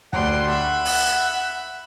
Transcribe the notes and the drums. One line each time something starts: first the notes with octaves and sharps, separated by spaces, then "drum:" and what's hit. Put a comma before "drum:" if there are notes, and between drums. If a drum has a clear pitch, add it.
D2 G3 F#5 C6, drum: kick
E5 B5
drum: open hi-hat